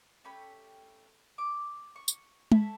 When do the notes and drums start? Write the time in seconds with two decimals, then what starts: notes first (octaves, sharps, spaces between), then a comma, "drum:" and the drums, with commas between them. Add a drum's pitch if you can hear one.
0.24 A3 C#4 G4 B5
1.38 D6
1.96 C#6
2.08 drum: tambourine
2.52 C#4 E4 A4 B5, drum: tom G#3